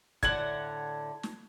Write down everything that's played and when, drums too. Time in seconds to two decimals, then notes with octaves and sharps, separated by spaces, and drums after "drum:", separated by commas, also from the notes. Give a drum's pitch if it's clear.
0.23 A2 D3 F#5 G#6 F#7, drum: kick
1.23 drum: snare